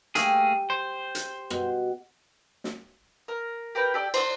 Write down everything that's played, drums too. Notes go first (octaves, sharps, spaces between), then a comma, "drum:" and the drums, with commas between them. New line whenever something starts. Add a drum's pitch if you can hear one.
A3 A#3 G4 G#4, drum: hi-hat
C5
drum: hi-hat
B2, drum: rim click
drum: snare
A#4
G4 A#4 B4 G5
G4 A4 D5
C5 D5 F#5 C6, drum: cymbal